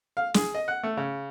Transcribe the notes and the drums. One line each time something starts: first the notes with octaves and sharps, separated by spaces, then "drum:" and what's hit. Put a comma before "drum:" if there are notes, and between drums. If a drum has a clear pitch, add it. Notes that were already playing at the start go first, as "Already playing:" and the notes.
F5
G#4, drum: snare
D#5
F#5
A3
C#3